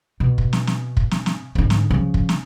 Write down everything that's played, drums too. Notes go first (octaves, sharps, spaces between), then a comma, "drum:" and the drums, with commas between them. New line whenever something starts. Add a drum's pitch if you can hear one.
B2
drum: kick
drum: snare
drum: snare
drum: kick
drum: snare
drum: snare
G#2 D3, drum: kick
drum: snare
C#3 F3
drum: kick
drum: snare